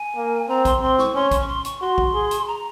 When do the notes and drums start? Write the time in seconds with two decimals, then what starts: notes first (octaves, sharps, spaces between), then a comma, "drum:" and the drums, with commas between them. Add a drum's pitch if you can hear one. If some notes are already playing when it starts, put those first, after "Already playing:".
Already playing: G#5
0.16 A#3
0.49 C4 A#5
0.65 C6, drum: kick A#1, hi-hat
0.81 C4 C6
0.98 C#6, drum: snare
1.15 C#4 C6
1.31 C6, drum: kick A#1, hi-hat
1.40 C#6
1.48 C6
1.65 C#6, drum: hi-hat
1.81 F#4 C6
1.98 drum: kick A#1
2.14 G#4
2.31 drum: hi-hat
2.47 A#5